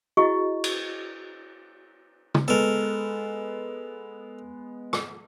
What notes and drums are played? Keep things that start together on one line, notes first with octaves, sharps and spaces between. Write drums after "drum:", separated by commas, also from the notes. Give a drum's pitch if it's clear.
E4 F#4 G#4 D#5 C#6
drum: cymbal
drum: tom C#3
G#3 B3 A4 A#4
drum: rim click